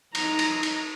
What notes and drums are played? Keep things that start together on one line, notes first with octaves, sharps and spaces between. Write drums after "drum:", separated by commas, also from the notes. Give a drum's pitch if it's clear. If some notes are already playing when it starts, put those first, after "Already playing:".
D#4 A#5, drum: cymbal
drum: cymbal
drum: cymbal